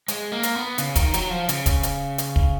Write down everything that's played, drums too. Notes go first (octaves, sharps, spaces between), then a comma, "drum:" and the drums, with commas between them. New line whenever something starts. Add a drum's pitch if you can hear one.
G#3, drum: hi-hat
A#3
drum: hi-hat
B3
C#3, drum: hi-hat
D#3, drum: kick, hi-hat
F#3, drum: hi-hat
F3
C#3, drum: hi-hat
drum: kick, hi-hat
drum: hi-hat
drum: hi-hat
drum: kick